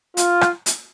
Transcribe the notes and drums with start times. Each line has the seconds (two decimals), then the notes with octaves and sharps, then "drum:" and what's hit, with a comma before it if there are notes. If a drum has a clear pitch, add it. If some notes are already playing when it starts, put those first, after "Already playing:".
0.17 F4, drum: hi-hat
0.41 drum: rim click
0.66 drum: hi-hat